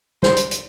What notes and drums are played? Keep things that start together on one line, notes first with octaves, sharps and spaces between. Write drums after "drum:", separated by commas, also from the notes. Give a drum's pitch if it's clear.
C5, drum: snare
drum: hi-hat
drum: hi-hat